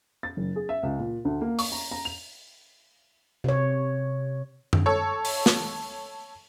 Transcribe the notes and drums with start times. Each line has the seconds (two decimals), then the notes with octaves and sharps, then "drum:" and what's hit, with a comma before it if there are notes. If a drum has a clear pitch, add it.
0.23 A6
0.37 F#1
0.56 G#4
0.69 E5
0.83 C#2
0.99 A#2
1.25 D2
1.41 A#3
1.59 C#6, drum: open hi-hat
1.72 A#5
1.91 A#5
2.05 F7
3.44 C3 C#5
4.73 drum: tom F#2
4.86 A4 C#5
5.25 drum: open hi-hat
5.46 drum: snare